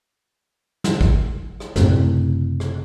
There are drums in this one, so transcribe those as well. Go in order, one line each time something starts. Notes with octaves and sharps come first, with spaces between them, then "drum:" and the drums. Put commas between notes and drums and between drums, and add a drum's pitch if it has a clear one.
drum: snare
drum: kick
drum: rim click
F#1 A2 C3, drum: snare
drum: rim click